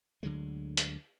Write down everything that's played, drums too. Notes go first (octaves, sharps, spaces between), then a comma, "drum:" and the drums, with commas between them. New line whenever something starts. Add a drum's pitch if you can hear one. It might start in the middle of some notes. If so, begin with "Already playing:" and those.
D2 D3 F#3 G#3
drum: hi-hat